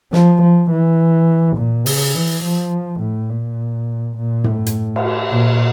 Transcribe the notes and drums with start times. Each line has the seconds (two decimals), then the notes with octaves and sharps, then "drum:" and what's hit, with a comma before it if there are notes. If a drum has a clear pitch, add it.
0.13 F3, drum: snare
0.42 F3
0.70 E3
1.57 A#2
1.86 C#3, drum: open hi-hat
2.15 E3
2.44 F3
3.00 A2
3.29 A#2
4.16 A#2
4.44 A2, drum: tom
4.66 drum: hi-hat
4.96 drum: cymbal
5.31 A#2